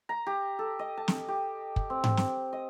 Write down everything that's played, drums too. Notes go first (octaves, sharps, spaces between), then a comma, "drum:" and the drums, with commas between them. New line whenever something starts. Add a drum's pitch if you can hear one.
A#5
G4
A4
D#5
A5
drum: snare
G4
drum: kick
C4
drum: tom G#2
drum: snare
D#5